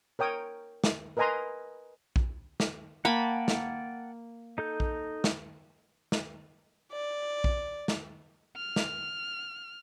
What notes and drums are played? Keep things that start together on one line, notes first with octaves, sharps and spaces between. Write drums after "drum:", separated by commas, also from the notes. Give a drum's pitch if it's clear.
A#4 C#5 G5 D#6
drum: snare
A#4 B4 D#5 G#5 A#5 C6
drum: kick A#1
drum: snare
A#3 F#5 G5 A5 B5
drum: snare
D#4 A4 G6
drum: kick A#1
drum: snare
drum: snare
D5
drum: kick A#1
drum: snare
F6
drum: snare